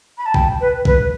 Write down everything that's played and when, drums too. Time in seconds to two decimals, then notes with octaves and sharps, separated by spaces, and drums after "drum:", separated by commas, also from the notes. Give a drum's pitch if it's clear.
0.17 B5
0.25 A5
0.34 G5, drum: kick
0.60 B4
0.85 B4, drum: kick